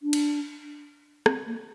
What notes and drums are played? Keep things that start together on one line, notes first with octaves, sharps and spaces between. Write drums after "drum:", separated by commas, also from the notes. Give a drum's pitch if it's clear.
D4
drum: cymbal
C4, drum: rim click
A#3